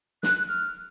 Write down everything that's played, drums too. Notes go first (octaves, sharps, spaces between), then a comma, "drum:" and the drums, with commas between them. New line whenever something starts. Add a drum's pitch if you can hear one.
F#6, drum: snare
F6